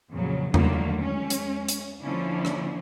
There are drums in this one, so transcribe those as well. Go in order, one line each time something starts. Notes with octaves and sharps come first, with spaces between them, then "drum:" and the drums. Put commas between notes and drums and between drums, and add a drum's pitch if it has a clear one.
F2 A#2 C#3 F#3
D3 D#3 F#3 G3 A3 A#3, drum: tom E2
G#3 C#4
drum: hi-hat
drum: hi-hat
D3 F3 A#3 C#4 D4 E4
drum: rim click